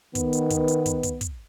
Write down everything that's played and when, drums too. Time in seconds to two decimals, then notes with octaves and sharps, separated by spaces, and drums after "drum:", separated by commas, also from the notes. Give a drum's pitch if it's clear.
0.15 D#3 B3, drum: kick, hi-hat
0.33 drum: hi-hat
0.50 drum: kick, hi-hat
0.68 drum: hi-hat
0.86 drum: kick, hi-hat
1.03 drum: kick, hi-hat
1.21 drum: kick, hi-hat